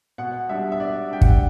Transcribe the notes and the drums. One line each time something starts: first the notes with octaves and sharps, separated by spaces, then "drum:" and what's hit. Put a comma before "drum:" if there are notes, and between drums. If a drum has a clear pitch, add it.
B2 F#5
G3 D4 E5
E5
B2 D5
G3 D4 G5
F#5, drum: kick